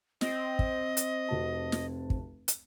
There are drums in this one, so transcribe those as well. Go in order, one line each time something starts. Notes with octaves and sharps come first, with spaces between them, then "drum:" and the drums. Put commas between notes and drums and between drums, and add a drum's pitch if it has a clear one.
C4 D#5, drum: snare
drum: kick
drum: hi-hat
F1 F#4 A5
drum: snare
drum: kick
drum: hi-hat